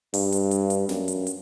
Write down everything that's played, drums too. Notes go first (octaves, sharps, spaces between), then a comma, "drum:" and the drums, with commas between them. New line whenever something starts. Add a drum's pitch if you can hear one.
G2, drum: open hi-hat
drum: hi-hat
drum: hi-hat
drum: hi-hat
F#2, drum: snare
drum: hi-hat
drum: hi-hat